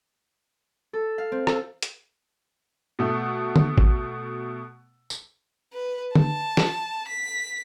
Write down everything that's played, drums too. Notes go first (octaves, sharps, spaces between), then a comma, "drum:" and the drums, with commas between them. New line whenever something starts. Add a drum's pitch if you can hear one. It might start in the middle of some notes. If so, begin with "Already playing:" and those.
A4
F5
C4
A4, drum: rim click
drum: hi-hat
B2 A3
drum: tom
drum: kick G#1
drum: tambourine
B4
A5, drum: tom
drum: snare
B6